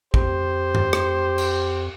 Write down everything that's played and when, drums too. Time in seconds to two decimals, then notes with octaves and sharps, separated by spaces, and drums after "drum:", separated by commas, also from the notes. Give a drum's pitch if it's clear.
0.14 F2 G4 C5, drum: kick
0.75 drum: tom G2
0.93 drum: rim click
1.38 drum: cymbal